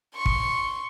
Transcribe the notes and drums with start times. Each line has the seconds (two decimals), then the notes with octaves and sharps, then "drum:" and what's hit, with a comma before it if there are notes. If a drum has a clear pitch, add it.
0.16 C6 C#6
0.26 drum: kick